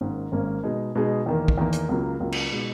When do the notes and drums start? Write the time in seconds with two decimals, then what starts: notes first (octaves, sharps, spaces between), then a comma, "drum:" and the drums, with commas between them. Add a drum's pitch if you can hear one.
0.01 G#1 G#2 D#3 A#3 C#4
0.32 G#1 G#2 D#3 A#3 C#4
0.63 B2 G#3 D#4 G#4
0.95 B2 G#3 D#4 G#4
1.26 E2 D#3 A#3
1.48 drum: kick
1.58 E2 D#3 A#3
1.73 drum: hi-hat
1.89 C#2 C#3 F#3 A#3
2.20 C#2 C#3 F#3 A#3
2.32 drum: cymbal
2.52 B2 G#3 D#4